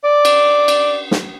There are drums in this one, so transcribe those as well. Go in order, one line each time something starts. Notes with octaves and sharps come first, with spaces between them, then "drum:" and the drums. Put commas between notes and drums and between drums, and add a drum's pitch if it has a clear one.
D5
drum: cymbal
drum: cymbal
drum: snare